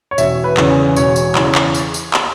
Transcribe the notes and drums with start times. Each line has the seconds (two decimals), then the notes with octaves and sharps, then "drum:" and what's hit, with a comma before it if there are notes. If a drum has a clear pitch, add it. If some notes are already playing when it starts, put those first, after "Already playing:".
0.11 C#5
0.18 E1 E5, drum: tambourine
0.44 B4
0.57 E2 C#3 E3, drum: clap
0.70 G#4
0.97 E1 C#5, drum: tambourine
1.16 drum: tambourine
1.35 E2 C#3 E3, drum: clap
1.55 drum: clap
1.74 drum: tambourine
1.94 drum: tambourine
2.14 drum: clap